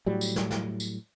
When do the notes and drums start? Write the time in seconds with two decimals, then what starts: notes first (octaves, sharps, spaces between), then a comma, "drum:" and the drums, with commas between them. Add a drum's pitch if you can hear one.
0.06 A2 F#3 G3
0.21 drum: tambourine
0.36 drum: snare
0.51 drum: snare
0.80 drum: tambourine